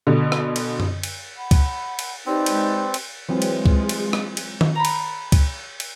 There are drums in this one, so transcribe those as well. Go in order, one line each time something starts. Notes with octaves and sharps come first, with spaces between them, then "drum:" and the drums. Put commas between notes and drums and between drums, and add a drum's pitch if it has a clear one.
B2 D3
drum: rim click
drum: cymbal
drum: tom F#2
drum: cymbal
F#5 B5
drum: kick, cymbal
drum: cymbal
C4 D#4 G4 B4 D5
G#3, drum: cymbal
drum: cymbal
E3 F#3 G#3 C4 F4
drum: cymbal
drum: kick
drum: cymbal
drum: rim click
drum: cymbal
drum: tom D#3
A#5 B5
drum: cymbal
drum: kick, cymbal
drum: cymbal